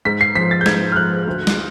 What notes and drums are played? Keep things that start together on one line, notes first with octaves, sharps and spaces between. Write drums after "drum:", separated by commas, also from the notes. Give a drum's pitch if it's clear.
G#2 B6
C7
F3 B6
A6
G6
G#2 G#6, drum: snare
F6
F3 F#6
D2
drum: snare